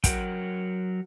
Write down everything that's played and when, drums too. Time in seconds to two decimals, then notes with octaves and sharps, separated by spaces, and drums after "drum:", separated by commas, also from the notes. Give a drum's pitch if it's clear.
0.04 F#3 A#4 F#5 G5, drum: kick, hi-hat